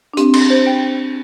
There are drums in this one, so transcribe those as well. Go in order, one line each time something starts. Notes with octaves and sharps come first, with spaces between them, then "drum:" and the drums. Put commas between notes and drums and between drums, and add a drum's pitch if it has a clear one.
D4
C4 G4, drum: hi-hat
C6, drum: cymbal
C5
G5